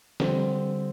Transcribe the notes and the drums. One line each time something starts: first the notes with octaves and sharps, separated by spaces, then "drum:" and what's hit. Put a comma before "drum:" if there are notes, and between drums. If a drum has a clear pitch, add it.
D3 G3 C4, drum: snare